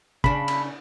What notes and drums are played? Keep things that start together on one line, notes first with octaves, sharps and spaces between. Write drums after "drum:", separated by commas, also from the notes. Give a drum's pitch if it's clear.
C#3 D4 B5, drum: kick
drum: cymbal